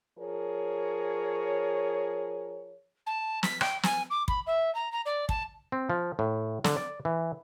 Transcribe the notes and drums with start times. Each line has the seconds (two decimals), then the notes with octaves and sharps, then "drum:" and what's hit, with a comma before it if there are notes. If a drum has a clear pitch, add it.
0.19 F3 G#4 A#4 C#5
3.06 A5
3.43 B6, drum: snare
3.61 G5, drum: rim click
3.83 G#5, drum: snare
4.10 D6
4.28 B5, drum: kick
4.46 E5
4.75 A#5
4.92 A#5
5.05 D5
5.29 A5, drum: kick
5.72 C4
5.90 F3
6.19 A2
6.64 D3, drum: snare
6.77 D5
7.05 E3